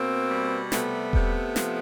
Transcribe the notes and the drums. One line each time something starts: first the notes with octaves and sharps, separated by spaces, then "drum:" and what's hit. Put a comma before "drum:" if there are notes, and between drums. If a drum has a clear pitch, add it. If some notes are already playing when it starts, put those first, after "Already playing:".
Already playing: B2 A#3 C4
G3
C3 A3 B3, drum: snare
C3, drum: kick E1
F3, drum: snare